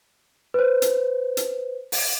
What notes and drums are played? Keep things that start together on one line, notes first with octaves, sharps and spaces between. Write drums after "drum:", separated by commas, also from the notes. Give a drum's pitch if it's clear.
B4 C5
drum: hi-hat
drum: hi-hat
drum: open hi-hat